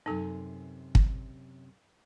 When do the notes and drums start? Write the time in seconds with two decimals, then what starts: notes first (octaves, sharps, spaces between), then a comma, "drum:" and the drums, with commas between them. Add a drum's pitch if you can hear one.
0.06 F#2 C3 D#4 A4 G#5
0.95 drum: kick